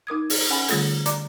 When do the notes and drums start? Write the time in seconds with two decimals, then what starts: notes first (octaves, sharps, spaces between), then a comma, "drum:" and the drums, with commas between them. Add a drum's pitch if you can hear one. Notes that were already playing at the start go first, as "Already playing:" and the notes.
0.07 D#4 A#4 D#6 G#6
0.30 drum: open hi-hat
0.50 C#4 F#5 G#5 B5
0.68 D3 G3 A3 F4 G#4 A4, drum: hi-hat
1.06 D5 A#5 D6, drum: hi-hat